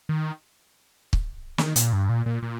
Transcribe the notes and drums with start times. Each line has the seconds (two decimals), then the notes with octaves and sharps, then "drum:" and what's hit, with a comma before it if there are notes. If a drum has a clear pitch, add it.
0.09 D#3
1.13 drum: kick
1.58 D#3, drum: snare
1.76 A#2, drum: hi-hat
1.93 G2
2.09 A#2
2.26 A#2
2.43 A#2